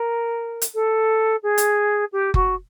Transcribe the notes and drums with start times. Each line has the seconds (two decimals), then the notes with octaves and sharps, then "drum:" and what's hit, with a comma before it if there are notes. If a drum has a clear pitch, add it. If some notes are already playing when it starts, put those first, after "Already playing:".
Already playing: A#4
0.62 drum: hi-hat
0.74 A4
1.42 G#4
1.58 drum: hi-hat
2.12 G4
2.34 F#4, drum: kick F#1